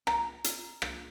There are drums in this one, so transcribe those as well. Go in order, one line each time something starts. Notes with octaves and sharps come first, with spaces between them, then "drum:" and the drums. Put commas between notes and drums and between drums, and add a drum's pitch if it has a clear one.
A#5, drum: rim click
drum: hi-hat
drum: rim click